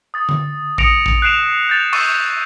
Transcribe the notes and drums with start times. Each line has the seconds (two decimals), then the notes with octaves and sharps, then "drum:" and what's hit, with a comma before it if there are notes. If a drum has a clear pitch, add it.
0.14 D#6 A6
0.29 drum: tom D3
0.78 D#6 A#6 C#7 D7 F7, drum: kick A1
1.06 drum: kick A1
1.22 F#6 C7 D7 E7 F7
1.69 G6 A6 F7
1.93 C#6 E6 A6 D#7, drum: cymbal